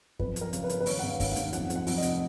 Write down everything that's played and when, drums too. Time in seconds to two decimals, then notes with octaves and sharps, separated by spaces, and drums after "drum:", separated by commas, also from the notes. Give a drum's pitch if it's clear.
0.19 F2 B4, drum: kick
0.36 F2, drum: hi-hat
0.41 A#4
0.53 C#3, drum: hi-hat
0.64 B4
0.69 C#3, drum: hi-hat
0.80 B4
0.86 D#2 C#5, drum: open hi-hat
0.99 C#3 F#5
1.09 F5
1.20 D#2, drum: kick, open hi-hat
1.31 F5
1.36 D#2, drum: hi-hat
1.53 F2 F#5, drum: hi-hat
1.70 F2, drum: hi-hat
1.75 F#5
1.87 F2, drum: open hi-hat
1.98 D#5
2.02 F1, drum: hi-hat